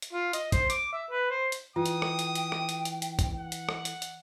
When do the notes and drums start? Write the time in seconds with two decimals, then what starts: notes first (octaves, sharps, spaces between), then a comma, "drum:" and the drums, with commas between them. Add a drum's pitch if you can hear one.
0.02 drum: hi-hat
0.13 F4
0.33 D#5, drum: hi-hat
0.52 C5, drum: kick, hi-hat
0.70 D6, drum: hi-hat
0.93 E5
1.11 B4
1.30 C5
1.52 drum: hi-hat
1.76 E3 F4 G5 D#6
1.86 drum: hi-hat
2.02 drum: rim click
2.19 drum: hi-hat
2.35 drum: hi-hat
2.52 drum: rim click
2.69 drum: hi-hat
2.85 drum: hi-hat
3.02 drum: hi-hat
3.19 drum: kick, hi-hat
3.39 F#5
3.52 drum: hi-hat
3.69 drum: rim click
3.85 drum: hi-hat
4.02 drum: hi-hat